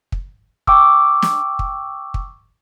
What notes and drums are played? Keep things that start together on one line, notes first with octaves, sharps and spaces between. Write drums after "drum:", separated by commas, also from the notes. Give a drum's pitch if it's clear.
drum: kick
G5 C#6 D6 E6, drum: kick
drum: snare
drum: kick
drum: kick